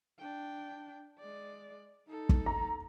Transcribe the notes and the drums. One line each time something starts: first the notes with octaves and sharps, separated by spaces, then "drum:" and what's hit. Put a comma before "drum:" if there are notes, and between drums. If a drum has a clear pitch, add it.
D4 G5
G#3 D5
D#4 A4
drum: kick
A#5